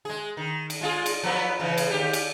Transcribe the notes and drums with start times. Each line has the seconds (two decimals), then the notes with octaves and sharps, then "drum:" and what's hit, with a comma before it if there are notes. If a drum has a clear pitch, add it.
0.05 G#3 G#4
0.37 D#3
0.70 drum: cymbal
0.81 G#3 F4 G#4
1.06 drum: cymbal
1.23 F3 F#3 B3
1.60 C#3 E3
1.78 drum: cymbal
1.91 D#2 G4
2.13 drum: cymbal